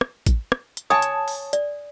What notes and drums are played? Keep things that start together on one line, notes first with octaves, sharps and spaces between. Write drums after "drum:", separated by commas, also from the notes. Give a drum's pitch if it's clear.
drum: rim click
drum: kick, hi-hat
drum: rim click
drum: hi-hat
C#5 G#5 A5 D#6
drum: hi-hat
drum: open hi-hat
D5, drum: hi-hat